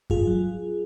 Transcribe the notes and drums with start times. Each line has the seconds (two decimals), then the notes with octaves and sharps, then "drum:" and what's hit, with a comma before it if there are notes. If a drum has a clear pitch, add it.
0.10 G#2 F4 G#4, drum: kick F#2
0.27 F#3